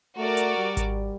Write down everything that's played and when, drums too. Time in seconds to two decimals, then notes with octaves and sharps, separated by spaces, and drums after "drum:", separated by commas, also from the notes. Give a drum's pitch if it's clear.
0.17 A3 F#4 A#4 D5
0.37 drum: hi-hat
0.57 G3
0.77 drum: kick G#1, hi-hat